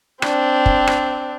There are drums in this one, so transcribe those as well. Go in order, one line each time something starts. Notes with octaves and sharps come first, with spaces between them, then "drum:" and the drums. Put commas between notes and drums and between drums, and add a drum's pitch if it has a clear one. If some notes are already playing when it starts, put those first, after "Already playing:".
C4 D4, drum: rim click
drum: kick
drum: rim click